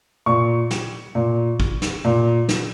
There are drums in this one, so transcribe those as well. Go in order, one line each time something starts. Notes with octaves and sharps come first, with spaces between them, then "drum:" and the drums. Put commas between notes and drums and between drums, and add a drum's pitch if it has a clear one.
A#2 C#6
drum: snare
A#2
drum: kick
drum: snare
A#2
drum: snare